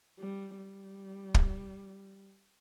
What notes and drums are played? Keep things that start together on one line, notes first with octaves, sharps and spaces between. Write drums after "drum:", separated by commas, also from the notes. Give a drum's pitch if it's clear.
G3
G3
drum: kick